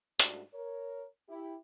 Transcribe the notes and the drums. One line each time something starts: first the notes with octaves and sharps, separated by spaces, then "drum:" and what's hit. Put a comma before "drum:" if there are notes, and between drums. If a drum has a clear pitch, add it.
G#2 G3 A3 D4 F4 F#4, drum: hi-hat
A#4 C#5
E4 G4